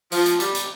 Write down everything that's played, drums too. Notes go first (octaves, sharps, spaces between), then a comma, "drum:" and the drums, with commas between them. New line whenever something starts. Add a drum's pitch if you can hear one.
F3 F4, drum: open hi-hat
drum: hi-hat
G3 G4, drum: hi-hat
drum: hi-hat